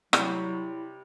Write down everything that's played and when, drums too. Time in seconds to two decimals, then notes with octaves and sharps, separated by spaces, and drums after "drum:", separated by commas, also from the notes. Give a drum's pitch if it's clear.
0.13 C3 F#3 G3 E4, drum: rim click